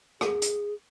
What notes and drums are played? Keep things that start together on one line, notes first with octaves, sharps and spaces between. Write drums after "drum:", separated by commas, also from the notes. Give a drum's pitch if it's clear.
G#4, drum: rim click
drum: hi-hat